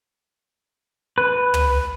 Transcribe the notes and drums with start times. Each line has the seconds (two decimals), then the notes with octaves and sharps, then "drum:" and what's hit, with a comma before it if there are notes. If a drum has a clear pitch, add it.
1.18 B4
1.54 drum: tom